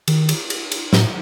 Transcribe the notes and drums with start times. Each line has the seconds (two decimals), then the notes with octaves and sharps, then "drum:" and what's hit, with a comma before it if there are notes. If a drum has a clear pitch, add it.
0.08 D#3, drum: cymbal
0.29 drum: cymbal
0.50 drum: cymbal
0.72 drum: cymbal
0.93 A2, drum: snare